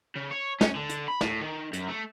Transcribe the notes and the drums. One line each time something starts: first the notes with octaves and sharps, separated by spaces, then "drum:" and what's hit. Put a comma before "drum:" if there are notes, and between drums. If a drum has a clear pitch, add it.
C#3
C#5
C#4, drum: snare
D3
drum: hi-hat
B5
A2, drum: snare
D#3
F#2, drum: hi-hat
A3